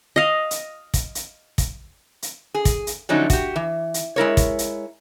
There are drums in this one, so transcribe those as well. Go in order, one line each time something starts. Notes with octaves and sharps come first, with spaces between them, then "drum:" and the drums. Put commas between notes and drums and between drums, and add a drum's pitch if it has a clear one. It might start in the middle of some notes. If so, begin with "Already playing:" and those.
D#5 F5
drum: hi-hat
drum: kick, hi-hat
drum: hi-hat
drum: kick, hi-hat
drum: hi-hat
G#4
drum: kick, hi-hat
drum: hi-hat
D3 F3 F#3 A3 C#4 D#4
F#4 G4, drum: kick, hi-hat
E3
drum: hi-hat
G#3 E4 A#4 C#5
drum: kick, hi-hat
drum: hi-hat